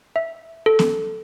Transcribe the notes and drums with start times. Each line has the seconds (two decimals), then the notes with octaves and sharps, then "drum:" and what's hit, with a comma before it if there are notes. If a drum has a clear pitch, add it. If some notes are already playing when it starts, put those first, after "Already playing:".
0.16 E5
0.66 A4
0.79 drum: snare B3